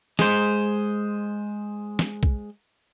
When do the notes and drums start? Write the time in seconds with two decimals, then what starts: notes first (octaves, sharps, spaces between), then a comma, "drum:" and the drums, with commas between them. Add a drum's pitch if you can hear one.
0.19 G#3 C5, drum: snare
1.99 drum: snare
2.23 drum: kick B1